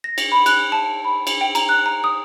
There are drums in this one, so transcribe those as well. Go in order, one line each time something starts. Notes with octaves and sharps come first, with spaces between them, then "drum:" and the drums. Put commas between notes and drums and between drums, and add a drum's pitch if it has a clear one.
A#6
drum: cymbal
B5
F#6, drum: cymbal
A5
B5
drum: cymbal
G5
A#5, drum: cymbal
F#6
A#5
D#6